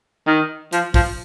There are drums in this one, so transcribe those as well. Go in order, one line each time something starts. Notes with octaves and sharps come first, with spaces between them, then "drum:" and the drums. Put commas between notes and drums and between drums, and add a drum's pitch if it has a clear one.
D#3
F3, drum: hi-hat
F3, drum: kick, open hi-hat